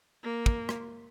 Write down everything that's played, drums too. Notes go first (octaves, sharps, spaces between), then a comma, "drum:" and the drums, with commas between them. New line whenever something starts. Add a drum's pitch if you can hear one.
A#3
drum: kick
drum: rim click